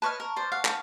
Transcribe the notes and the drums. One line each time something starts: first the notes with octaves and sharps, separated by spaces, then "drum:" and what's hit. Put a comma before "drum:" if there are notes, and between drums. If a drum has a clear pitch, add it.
B4 C#5 D#5 A5 C#6 F6
A#4
C5 D5
F5 F#5
drum: clap